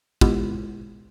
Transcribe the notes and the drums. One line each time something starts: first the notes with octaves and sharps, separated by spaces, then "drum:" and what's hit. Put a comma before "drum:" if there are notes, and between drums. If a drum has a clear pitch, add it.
G#3 B3 E4 F4 G4, drum: kick